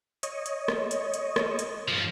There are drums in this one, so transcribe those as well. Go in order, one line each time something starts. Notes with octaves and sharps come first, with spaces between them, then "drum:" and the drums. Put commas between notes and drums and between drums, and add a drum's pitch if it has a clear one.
C#5 D#5, drum: hi-hat
drum: hi-hat
drum: rim click
drum: hi-hat
drum: hi-hat
drum: rim click
drum: hi-hat
G2 F3